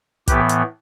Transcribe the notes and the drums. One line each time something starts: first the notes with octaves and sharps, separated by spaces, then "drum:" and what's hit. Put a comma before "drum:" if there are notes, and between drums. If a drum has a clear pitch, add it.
A2 E3 B3 G4 B4, drum: kick, hi-hat
drum: hi-hat